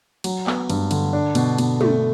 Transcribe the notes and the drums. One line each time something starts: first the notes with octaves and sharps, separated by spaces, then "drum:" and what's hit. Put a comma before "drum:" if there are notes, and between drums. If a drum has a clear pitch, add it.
F#3, drum: cymbal
B3, drum: clap
G2, drum: cymbal
D3, drum: cymbal
D4
B2, drum: cymbal
B2, drum: cymbal
A3, drum: tom